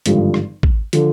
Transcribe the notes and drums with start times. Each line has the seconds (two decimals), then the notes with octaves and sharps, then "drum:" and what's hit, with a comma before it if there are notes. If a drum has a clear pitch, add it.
0.06 G#1 G2 D3 F3, drum: hi-hat
0.34 drum: rim click
0.63 drum: kick
0.93 D3 F3, drum: hi-hat